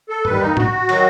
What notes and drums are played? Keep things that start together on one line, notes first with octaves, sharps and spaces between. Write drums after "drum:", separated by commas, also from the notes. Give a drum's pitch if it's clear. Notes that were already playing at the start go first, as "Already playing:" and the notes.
A4
D#2 D#3 G3 B4, drum: tom G2
D#4
F#4, drum: tom
D#3 F#3, drum: cymbal